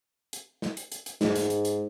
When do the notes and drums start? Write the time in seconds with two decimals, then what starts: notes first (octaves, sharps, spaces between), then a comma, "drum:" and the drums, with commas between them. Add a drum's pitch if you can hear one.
0.33 drum: hi-hat
0.62 drum: snare
0.77 drum: hi-hat
0.92 drum: hi-hat
1.06 drum: hi-hat
1.21 G#2, drum: snare
1.35 drum: hi-hat
1.50 drum: hi-hat
1.65 drum: hi-hat